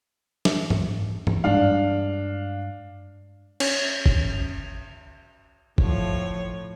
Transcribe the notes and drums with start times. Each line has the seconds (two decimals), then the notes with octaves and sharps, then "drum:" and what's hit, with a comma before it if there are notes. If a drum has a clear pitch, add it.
0.45 drum: snare
0.70 drum: tom G#2
1.27 drum: tom G#2
1.44 G2 G#3 D4 F5
3.60 C#4, drum: cymbal
4.06 drum: kick
5.78 A2 F3 C#5, drum: kick